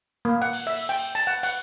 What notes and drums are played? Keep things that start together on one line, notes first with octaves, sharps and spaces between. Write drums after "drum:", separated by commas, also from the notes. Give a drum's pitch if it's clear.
A#3
F#5
drum: cymbal
E5
drum: cymbal
G5
drum: cymbal
A5
F#5
F#5, drum: cymbal